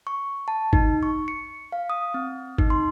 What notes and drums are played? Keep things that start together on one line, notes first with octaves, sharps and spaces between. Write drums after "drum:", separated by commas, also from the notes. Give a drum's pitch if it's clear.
C#6
A5
D#4, drum: kick G1
C#6
C#7
F5
D#6
C4
D#4, drum: kick G1
C6